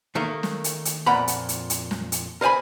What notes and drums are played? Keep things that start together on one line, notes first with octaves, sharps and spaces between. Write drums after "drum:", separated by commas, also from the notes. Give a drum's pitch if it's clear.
D#3 A3 A#3
drum: snare
drum: hi-hat
drum: hi-hat
F2 A#2 F#5 A#5 B5
drum: hi-hat
drum: hi-hat
drum: hi-hat
drum: snare
drum: hi-hat
A#4 C5 D5 G#5 B5